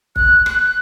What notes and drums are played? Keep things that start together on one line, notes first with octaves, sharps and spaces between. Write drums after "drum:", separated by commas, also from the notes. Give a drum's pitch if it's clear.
F#6, drum: kick
F#6, drum: rim click